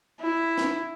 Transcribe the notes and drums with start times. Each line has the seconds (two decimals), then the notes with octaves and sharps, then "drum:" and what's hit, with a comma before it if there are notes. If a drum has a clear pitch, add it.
0.20 E4
0.58 drum: snare